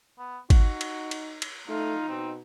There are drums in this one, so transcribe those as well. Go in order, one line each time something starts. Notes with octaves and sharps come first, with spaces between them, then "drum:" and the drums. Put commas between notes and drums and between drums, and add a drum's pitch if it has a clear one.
B3
D#4 F#4, drum: kick, cymbal
drum: cymbal
drum: cymbal
drum: cymbal
A3 D#4 F4
B2 C4